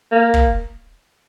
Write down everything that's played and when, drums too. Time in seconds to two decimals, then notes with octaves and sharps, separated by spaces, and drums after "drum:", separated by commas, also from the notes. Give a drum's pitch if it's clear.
0.11 A#3
0.34 drum: kick